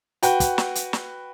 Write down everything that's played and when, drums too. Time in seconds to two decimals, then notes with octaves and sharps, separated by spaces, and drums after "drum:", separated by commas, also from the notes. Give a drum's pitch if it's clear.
0.23 F#4 B4 G5, drum: hi-hat
0.40 drum: kick, hi-hat
0.58 drum: snare
0.75 drum: hi-hat
0.93 drum: snare